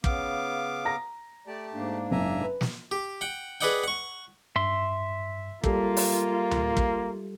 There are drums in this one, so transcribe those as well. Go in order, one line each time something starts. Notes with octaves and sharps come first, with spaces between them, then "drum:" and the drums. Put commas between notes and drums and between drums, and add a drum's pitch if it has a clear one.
C#3 B3 F5 D6, drum: kick
A#5 A#6
A3 G4 D5 A5
G#2 A#3 D4
F#1 E5 G#5 A#5
B4
drum: snare
G4
F#5 G5
G#4 B4 D5 D#5 F#5 G5
F#5 C#6
G2 E5 C6
G3 A#3 F4 G4 A4, drum: kick
drum: open hi-hat
drum: tom D2
drum: kick